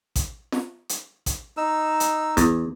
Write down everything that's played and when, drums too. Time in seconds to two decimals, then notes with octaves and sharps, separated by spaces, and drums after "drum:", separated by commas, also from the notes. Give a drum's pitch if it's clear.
0.16 drum: kick A1, hi-hat
0.52 drum: snare
0.89 drum: hi-hat
1.26 drum: kick A1, hi-hat
1.57 D#4 E6
2.00 drum: hi-hat
2.37 E2, drum: kick A1, hi-hat